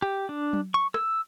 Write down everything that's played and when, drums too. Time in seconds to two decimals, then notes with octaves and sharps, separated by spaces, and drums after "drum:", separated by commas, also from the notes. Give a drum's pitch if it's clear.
0.02 G4
0.29 D4
0.53 drum: tom F#3
0.74 C#6
0.94 E6, drum: rim click